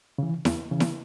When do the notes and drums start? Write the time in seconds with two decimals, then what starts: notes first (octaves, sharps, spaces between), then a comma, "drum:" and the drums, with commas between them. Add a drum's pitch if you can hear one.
0.18 C#3 E3
0.45 E2, drum: snare E4
0.71 C#3 E3
0.80 drum: snare E4